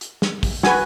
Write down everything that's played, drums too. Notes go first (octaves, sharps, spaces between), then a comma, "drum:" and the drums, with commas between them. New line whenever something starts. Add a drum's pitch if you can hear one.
drum: hi-hat
drum: snare
drum: kick, open hi-hat
F#4 B4 G#5, drum: snare